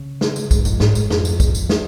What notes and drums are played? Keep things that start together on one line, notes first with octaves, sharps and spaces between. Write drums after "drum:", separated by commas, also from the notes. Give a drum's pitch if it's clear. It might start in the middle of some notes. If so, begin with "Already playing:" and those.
Already playing: C#3
drum: snare
drum: tambourine
G#2, drum: kick, tambourine
F2, drum: tambourine
G#2, drum: snare
drum: tambourine
F2, drum: snare
drum: tambourine
drum: kick, tambourine
drum: tambourine
drum: snare